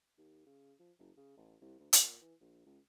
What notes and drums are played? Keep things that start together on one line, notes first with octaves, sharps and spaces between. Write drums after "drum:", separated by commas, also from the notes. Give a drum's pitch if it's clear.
D#2
C#3
F3
F#1
C#3
A1
C2
D2
A#2, drum: hi-hat
E3
A#1
C#2